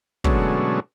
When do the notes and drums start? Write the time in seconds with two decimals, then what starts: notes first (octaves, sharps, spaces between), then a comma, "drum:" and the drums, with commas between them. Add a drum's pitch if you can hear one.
0.24 B2 D3 F#3 G#3 A3 C#4, drum: kick